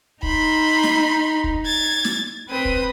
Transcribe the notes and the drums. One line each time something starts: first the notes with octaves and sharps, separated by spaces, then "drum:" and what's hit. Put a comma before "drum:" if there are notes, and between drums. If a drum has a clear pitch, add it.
D#4 B5 C6, drum: kick
drum: snare
drum: kick
G#6 A6
drum: snare
C4 B4 D#6
drum: kick